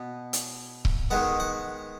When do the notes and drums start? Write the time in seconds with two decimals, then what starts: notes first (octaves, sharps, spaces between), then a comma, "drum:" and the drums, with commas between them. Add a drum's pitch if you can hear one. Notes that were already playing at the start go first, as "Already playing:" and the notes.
Already playing: B2 B3
0.33 drum: hi-hat
0.85 drum: kick C#1
1.11 D#3 G#3 B3 F#5
1.40 F#5